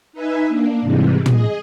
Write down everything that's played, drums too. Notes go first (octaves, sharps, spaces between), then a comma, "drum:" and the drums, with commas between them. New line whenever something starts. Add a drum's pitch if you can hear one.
D#4 B4 E5 G#5
A#3 D4
G#2 C3 E3 G3 G#3
G#4 D#5, drum: tom